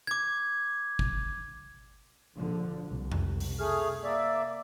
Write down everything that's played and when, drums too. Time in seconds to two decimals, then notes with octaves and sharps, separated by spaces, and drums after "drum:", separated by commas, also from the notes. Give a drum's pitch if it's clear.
0.07 D6 G#6
0.99 drum: kick
2.37 A#1 D3 F3
2.88 C2
3.12 drum: tom F2
3.40 drum: open hi-hat
3.59 A3 G#4 F6
4.04 A#3 D5 E5